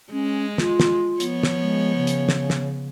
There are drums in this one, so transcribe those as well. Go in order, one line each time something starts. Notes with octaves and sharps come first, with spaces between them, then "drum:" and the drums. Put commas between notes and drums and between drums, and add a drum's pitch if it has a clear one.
G#3 C#4
F4, drum: snare
drum: snare
F3 B3 C#5, drum: hi-hat
drum: snare
G#3
C#3
drum: hi-hat
drum: snare
drum: snare